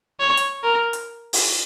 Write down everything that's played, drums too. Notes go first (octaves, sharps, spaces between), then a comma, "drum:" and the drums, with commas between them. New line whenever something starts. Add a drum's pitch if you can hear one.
C#5
drum: hi-hat
A#4
drum: hi-hat
drum: open hi-hat